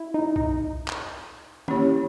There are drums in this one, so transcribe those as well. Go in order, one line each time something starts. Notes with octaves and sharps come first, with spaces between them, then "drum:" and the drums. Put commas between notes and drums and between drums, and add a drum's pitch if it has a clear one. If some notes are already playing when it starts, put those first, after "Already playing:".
Already playing: E4
D#4
D#4, drum: kick B1
drum: clap
A#3 C#4 E4 G4 C#5, drum: tom D#3